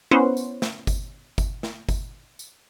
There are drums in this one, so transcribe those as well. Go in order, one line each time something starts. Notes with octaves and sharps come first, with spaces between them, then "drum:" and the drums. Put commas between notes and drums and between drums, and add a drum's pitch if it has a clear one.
B3 C#4 E4 C5 F#5
drum: tambourine
drum: snare
drum: kick G1, tambourine
drum: kick G1, tambourine
drum: snare
drum: kick G1, tambourine
drum: tambourine